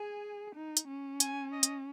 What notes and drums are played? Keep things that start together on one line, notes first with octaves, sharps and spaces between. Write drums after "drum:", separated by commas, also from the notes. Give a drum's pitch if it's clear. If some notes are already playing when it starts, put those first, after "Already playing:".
Already playing: G#4 G#5
D#4
drum: hi-hat
C#4
G#5, drum: hi-hat
D#5
drum: hi-hat